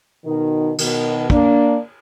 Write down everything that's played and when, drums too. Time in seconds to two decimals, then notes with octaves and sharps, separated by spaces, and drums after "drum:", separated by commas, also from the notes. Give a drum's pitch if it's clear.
0.25 B2 D#3
0.78 B2 D#3, drum: cymbal
1.30 A#3 D4, drum: kick